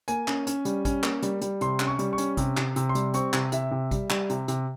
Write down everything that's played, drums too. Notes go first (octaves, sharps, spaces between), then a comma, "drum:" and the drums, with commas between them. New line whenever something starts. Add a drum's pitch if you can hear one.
A#3 G#5, drum: hi-hat
C#4, drum: clap
C#4, drum: hi-hat
G3, drum: hi-hat
C#4, drum: kick, hi-hat
A#3, drum: clap
G3, drum: hi-hat
G3, drum: hi-hat
C3 C6, drum: hi-hat
C#4, drum: clap
C#6
G3, drum: hi-hat
C#6
C#4, drum: hi-hat
C3, drum: kick, hi-hat
C3, drum: clap
C3, drum: hi-hat
C6
G3, drum: hi-hat
C4 C#6, drum: hi-hat
C3, drum: clap
C3 E5, drum: hi-hat
C3
G3, drum: kick, hi-hat
G3, drum: clap
C3, drum: hi-hat
C3, drum: hi-hat